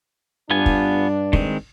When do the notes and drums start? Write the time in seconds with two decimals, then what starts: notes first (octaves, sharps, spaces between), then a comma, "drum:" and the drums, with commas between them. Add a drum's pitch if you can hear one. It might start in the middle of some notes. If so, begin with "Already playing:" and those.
0.50 G2 B3 D4 F4 G#5
0.66 drum: kick
1.33 D#3 G#3 C4, drum: kick